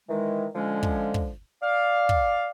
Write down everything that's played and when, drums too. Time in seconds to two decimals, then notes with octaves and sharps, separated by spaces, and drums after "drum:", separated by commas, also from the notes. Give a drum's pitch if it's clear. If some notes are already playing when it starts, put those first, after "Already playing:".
0.09 D#3 E3 G#3
0.55 D3 F3 G#3 C#4
0.83 drum: kick
1.14 drum: kick
1.62 D5 F5
2.09 drum: kick